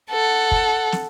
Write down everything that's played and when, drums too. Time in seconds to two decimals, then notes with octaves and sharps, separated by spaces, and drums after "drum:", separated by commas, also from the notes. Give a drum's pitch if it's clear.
0.11 A4 F#5
0.52 drum: kick
0.92 drum: snare